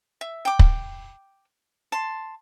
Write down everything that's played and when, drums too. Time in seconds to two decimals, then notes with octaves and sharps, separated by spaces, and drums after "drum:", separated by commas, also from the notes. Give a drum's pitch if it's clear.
0.21 E5
0.45 G5 D6
0.59 drum: kick
1.92 A5 C6